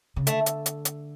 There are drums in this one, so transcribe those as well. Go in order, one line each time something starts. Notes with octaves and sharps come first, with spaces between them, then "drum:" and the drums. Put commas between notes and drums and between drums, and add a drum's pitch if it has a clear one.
C#3
D3 A3, drum: hi-hat
drum: hi-hat
drum: hi-hat
drum: hi-hat